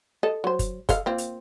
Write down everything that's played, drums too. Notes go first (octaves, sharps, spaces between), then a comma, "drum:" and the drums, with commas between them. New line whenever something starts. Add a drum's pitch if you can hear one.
A4 D#5
F#3 C5
drum: kick F#1, hi-hat
A4 D#5 F5, drum: kick F#1, hi-hat
A#3 C4 F4
drum: hi-hat